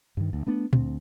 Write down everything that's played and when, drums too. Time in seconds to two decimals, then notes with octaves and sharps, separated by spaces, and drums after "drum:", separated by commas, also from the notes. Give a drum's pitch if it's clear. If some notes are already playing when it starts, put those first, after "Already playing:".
0.17 G2 D#3
0.33 D2
0.47 A3 B3 D4
0.73 D2 C4, drum: tom